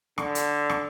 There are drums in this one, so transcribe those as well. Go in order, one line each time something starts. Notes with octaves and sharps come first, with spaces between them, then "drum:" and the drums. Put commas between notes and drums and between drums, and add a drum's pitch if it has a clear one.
D3, drum: rim click
drum: hi-hat
drum: rim click